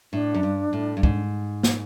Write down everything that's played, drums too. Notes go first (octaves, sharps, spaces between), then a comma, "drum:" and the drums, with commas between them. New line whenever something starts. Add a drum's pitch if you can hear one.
A2 D4
F#2
G2
A2
G2
G#2, drum: kick
drum: snare